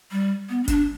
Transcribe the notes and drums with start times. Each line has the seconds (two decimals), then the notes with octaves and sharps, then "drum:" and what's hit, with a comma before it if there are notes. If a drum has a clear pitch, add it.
0.12 G3
0.49 B3
0.64 C4
0.68 D4, drum: kick F#1, hi-hat